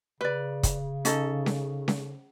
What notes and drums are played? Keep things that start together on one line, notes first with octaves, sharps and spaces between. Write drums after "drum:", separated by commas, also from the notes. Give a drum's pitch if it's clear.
C#3 B4 D5
drum: kick, hi-hat
C#4 D#4 A4, drum: hi-hat
drum: snare C#4
drum: snare C#4